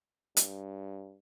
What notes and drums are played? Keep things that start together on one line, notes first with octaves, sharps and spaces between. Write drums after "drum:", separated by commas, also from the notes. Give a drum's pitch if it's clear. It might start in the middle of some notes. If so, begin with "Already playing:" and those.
G2, drum: hi-hat